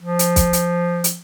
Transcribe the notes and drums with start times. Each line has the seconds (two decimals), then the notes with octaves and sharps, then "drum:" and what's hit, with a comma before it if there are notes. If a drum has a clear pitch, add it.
0.02 F3
0.19 drum: hi-hat
0.36 drum: kick, hi-hat
0.53 drum: hi-hat
1.04 drum: hi-hat